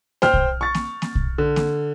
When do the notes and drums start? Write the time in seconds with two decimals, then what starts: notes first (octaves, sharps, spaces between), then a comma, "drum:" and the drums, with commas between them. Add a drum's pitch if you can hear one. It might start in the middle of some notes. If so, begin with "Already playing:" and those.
0.22 C5 G5 F6, drum: snare A#3
0.34 drum: kick
0.61 C#6 A6
0.74 drum: snare A#3
1.02 drum: snare A#3
1.15 drum: kick
1.38 D3
1.56 drum: snare A#3